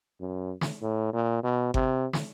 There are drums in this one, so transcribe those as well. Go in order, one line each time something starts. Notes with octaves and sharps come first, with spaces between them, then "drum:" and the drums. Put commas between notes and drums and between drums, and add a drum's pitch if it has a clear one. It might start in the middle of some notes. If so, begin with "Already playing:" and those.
F#2
drum: snare
A2
A#2
B2
C3, drum: kick G1
drum: snare